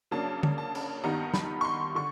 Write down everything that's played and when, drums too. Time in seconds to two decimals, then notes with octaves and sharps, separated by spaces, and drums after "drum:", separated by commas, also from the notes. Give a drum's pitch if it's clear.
0.11 C#3 F#3 A#3 D4 A5
0.43 drum: tom
0.58 A5
0.75 drum: cymbal
1.04 G2 D#3 G3 B3 D#4 A#5
1.34 B5, drum: snare
1.61 C#6
1.65 C6
1.95 D3 C#6